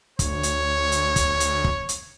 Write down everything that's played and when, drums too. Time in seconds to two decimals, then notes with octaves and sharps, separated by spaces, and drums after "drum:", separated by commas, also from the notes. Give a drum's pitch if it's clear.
0.19 D2 C#5, drum: kick, hi-hat
0.43 drum: hi-hat
0.92 drum: hi-hat
1.16 drum: kick, hi-hat
1.40 drum: hi-hat
1.64 drum: kick
1.89 drum: hi-hat